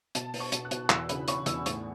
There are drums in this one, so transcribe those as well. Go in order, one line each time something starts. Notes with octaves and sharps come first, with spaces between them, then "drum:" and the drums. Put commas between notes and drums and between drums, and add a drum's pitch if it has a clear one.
B2 A5, drum: hi-hat
B3, drum: open hi-hat
C#6
B2, drum: hi-hat
F#6
B2, drum: hi-hat
E2 E6, drum: clap
C#3 B5, drum: hi-hat
C#4 C#6, drum: hi-hat
E2 E6, drum: hi-hat
A2 C#6, drum: hi-hat